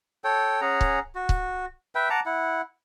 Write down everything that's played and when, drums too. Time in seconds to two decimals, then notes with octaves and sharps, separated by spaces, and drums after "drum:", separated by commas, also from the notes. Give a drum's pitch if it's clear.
0.24 A4 C#5 G5
0.61 C#4 G#4 F#5 A#5
0.81 drum: kick C#1
1.15 F#4
1.29 drum: kick C#1
1.95 B4 E5 G5
2.10 F#5 A5 A#5 D6
2.26 E4 F#5